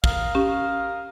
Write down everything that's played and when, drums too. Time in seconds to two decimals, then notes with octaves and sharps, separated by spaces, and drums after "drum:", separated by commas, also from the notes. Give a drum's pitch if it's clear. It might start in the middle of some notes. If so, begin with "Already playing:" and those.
0.04 A#4 D#5 F5, drum: kick
0.35 C#4 G4